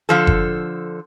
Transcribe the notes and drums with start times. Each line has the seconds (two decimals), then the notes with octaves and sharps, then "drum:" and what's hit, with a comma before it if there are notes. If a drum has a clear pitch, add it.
0.09 D3 F3 A4
0.27 drum: kick F#1